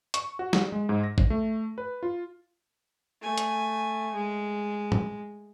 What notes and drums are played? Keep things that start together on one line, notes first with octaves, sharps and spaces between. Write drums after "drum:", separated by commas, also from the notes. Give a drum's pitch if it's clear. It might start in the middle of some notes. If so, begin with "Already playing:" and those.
C#6, drum: hi-hat
F#4
drum: snare
G#3
G#2
A#6
drum: kick
A3
B4
F4
A3 G#5
drum: hi-hat
G#3
drum: tom